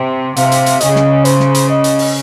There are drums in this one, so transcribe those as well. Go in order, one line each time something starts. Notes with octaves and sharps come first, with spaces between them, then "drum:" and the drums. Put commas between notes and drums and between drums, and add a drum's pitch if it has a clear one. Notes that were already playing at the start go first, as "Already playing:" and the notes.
Already playing: C3
C3 F5, drum: hi-hat
drum: hi-hat
drum: hi-hat
C#3 D#5, drum: hi-hat
drum: snare
C5, drum: hi-hat
drum: snare
drum: hi-hat
D#5
drum: hi-hat
drum: open hi-hat